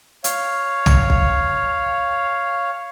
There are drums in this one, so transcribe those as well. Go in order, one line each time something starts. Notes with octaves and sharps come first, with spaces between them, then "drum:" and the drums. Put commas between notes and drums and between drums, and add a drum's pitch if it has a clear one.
C#5 F5, drum: hi-hat
drum: tom
drum: kick B1